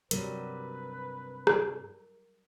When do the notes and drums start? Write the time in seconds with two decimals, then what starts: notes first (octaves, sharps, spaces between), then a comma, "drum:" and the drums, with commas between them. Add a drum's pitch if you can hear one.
0.11 G2 C3 F#3 G3 A#4 B4, drum: hi-hat
1.47 drum: rim click